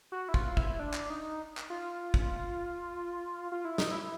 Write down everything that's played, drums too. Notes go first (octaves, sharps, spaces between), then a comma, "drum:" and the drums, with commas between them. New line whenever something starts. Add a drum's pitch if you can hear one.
F#4
E4
F4, drum: kick
E4, drum: kick
D4
drum: clap
D#4
drum: clap
F4
drum: kick
F4
E4
D#4, drum: snare
E4